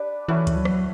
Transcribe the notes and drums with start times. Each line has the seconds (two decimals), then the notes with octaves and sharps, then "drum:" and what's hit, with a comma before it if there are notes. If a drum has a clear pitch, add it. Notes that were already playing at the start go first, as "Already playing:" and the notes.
Already playing: D4 G4 B4 D5
0.28 E3 A3 C#4 F#4 B4
0.47 drum: kick, hi-hat
0.56 F#3
0.65 drum: rim click